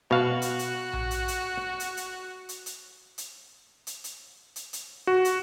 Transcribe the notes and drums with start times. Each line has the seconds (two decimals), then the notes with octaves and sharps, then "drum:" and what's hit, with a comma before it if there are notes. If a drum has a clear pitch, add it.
0.11 B2 F#4 F5
0.42 drum: hi-hat
0.59 drum: hi-hat
0.93 drum: tom A#1
1.11 drum: hi-hat
1.28 drum: hi-hat
1.80 drum: hi-hat
1.97 drum: hi-hat
2.49 drum: hi-hat
2.66 drum: hi-hat
3.18 drum: hi-hat
3.87 drum: hi-hat
4.04 drum: hi-hat
4.56 drum: hi-hat
4.73 drum: hi-hat
5.07 F#4
5.25 drum: hi-hat